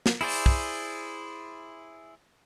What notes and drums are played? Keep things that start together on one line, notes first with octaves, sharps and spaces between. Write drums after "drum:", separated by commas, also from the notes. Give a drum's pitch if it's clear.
drum: snare
E4 G#4 C5 D5, drum: open hi-hat
drum: kick